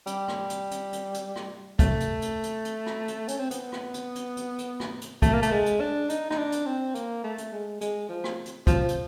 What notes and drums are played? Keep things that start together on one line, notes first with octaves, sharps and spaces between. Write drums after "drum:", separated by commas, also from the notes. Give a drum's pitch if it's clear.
G3, drum: hi-hat
drum: rim click
drum: hi-hat
drum: hi-hat
drum: hi-hat
drum: hi-hat
drum: rim click
A3, drum: kick, hi-hat
drum: hi-hat
drum: hi-hat
drum: hi-hat
drum: hi-hat
drum: rim click
drum: hi-hat
C#4, drum: hi-hat
C4
B3, drum: hi-hat
drum: rim click
drum: hi-hat
drum: hi-hat
drum: hi-hat
drum: hi-hat
drum: rim click
drum: hi-hat
A3, drum: kick, hi-hat
A#3
A3, drum: hi-hat
G#3
drum: hi-hat
D4
D#4, drum: hi-hat
D#4, drum: rim click
D4
drum: hi-hat
C4
A#3, drum: hi-hat
A3
drum: hi-hat
G#3
G#3, drum: hi-hat
F3
drum: rim click
drum: hi-hat
F3, drum: kick, hi-hat
drum: hi-hat